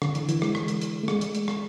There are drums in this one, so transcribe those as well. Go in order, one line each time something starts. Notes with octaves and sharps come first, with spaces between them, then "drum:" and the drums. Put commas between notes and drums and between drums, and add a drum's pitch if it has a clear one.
D3, drum: rim click
E3, drum: hi-hat
E3, drum: hi-hat
G#3, drum: rim click
drum: rim click
drum: hi-hat
drum: hi-hat
A3
G#3, drum: rim click
drum: hi-hat
drum: hi-hat
drum: rim click